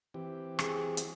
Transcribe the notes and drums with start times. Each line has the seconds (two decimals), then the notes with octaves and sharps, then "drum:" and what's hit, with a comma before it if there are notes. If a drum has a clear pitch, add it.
0.14 E3 C4 G4
0.59 G#4, drum: rim click
0.97 drum: hi-hat